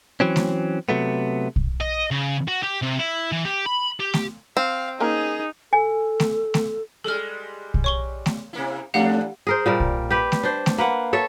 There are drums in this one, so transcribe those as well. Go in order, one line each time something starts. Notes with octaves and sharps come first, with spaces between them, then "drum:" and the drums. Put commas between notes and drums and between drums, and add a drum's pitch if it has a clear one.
E3 F#3 C4 C#4
drum: snare A3
C3 F#3 A3 B3
drum: kick
D#5
C#3
F#4
G4
C3
E4
E3
G4
B5
G4
drum: snare A3
C4 F5
A#3 C#4 D#4 G#4 A#4
A4 G#5
drum: snare A3
drum: snare A3
G3 G#3 A4 F6
drum: kick
C#5 C#6 G7
drum: snare A3
C3 A#3 E4
E2 A2 A3 D4 G4 F5 F#5
G#4 A#4 C5
A#2 G3 A#4
drum: kick
G4 B4
drum: snare A3
D4 C5
drum: snare A3
A#3 B4 F#5
A4 C#5 E5